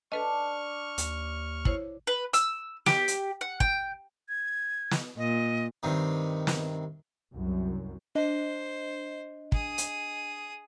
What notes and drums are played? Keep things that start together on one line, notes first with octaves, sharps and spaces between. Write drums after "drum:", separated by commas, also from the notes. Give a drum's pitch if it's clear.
D4 A4 B4 D#5 C#6 F6
D#2, drum: hi-hat
E4 C5 C#5, drum: kick
B4
E6, drum: hi-hat
G4, drum: snare
drum: hi-hat
F#5
G5, drum: kick
G#6
drum: snare
A#2 D#5
G2 C3 D#3
drum: snare
C2 F#2
D4 C5 D#5
G#4 D#6, drum: kick
drum: hi-hat